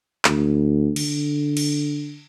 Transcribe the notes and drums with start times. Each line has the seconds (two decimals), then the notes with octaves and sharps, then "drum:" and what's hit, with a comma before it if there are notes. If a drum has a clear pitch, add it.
0.25 D2, drum: clap
0.96 D3, drum: cymbal
1.57 drum: cymbal